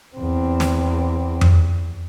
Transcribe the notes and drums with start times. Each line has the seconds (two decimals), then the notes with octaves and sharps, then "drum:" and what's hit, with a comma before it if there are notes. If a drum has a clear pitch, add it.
0.17 E2 C4
0.60 drum: snare
1.41 drum: tom F2